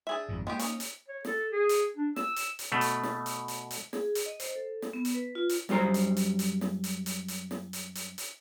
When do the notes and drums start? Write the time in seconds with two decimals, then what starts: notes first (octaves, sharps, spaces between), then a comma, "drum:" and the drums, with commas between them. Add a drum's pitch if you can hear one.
0.07 D4 G#4 E5
0.29 G#1 F2 G#2
0.47 G#3 A#3 B3 G4
0.59 C#4 D#4, drum: hi-hat
0.80 drum: hi-hat
1.08 C#5
1.25 A4, drum: snare
1.52 G#4
1.69 drum: hi-hat
1.97 D4
2.16 E6, drum: snare
2.36 drum: hi-hat
2.59 drum: hi-hat
2.72 B2 A3
2.81 drum: hi-hat
3.03 drum: snare
3.26 drum: hi-hat
3.48 drum: hi-hat
3.71 drum: hi-hat
3.93 G#4, drum: snare
4.15 drum: hi-hat
4.26 D#5
4.40 C5, drum: hi-hat
4.56 A4
4.82 drum: snare
4.93 B3
5.05 drum: hi-hat
5.14 B4
5.35 F4
5.49 drum: hi-hat
5.69 F#2 G3 G#4 C5 A#5, drum: snare
5.94 drum: hi-hat
6.17 drum: hi-hat
6.39 drum: hi-hat
6.61 drum: snare
6.84 drum: hi-hat
7.06 drum: hi-hat
7.28 drum: hi-hat
7.51 drum: snare
7.73 drum: hi-hat
7.95 drum: hi-hat
8.18 drum: hi-hat